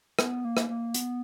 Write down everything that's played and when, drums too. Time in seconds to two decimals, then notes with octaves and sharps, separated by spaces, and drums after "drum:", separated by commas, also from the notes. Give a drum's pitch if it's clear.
0.19 B3, drum: rim click
0.45 A#3
0.57 drum: rim click
0.69 A#3
0.94 B3, drum: hi-hat